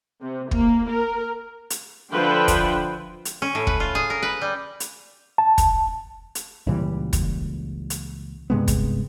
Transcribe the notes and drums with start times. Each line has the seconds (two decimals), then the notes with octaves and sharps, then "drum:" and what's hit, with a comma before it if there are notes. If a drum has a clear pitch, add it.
0.22 C3
0.51 A#3, drum: kick
0.90 A#4
1.70 drum: hi-hat
2.12 D3 F3 B4 C5 E5 G5
2.48 drum: kick, hi-hat
3.25 drum: hi-hat
3.42 C#4
3.55 A2
3.67 B4, drum: kick
3.80 F4
3.95 G#4
4.10 A#4
4.23 B4
4.42 G3
4.80 drum: hi-hat
5.38 A5
5.58 drum: kick, hi-hat
6.35 drum: hi-hat
6.67 C#2 A#2 E3 G3
7.13 drum: kick, hi-hat
7.90 drum: hi-hat
8.50 G2 C3 G#3 B3
8.68 drum: kick, hi-hat